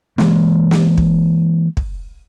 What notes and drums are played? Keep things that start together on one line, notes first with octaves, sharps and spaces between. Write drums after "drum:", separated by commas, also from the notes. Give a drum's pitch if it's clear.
E3 G#3 A#3, drum: snare
drum: snare
drum: kick
drum: kick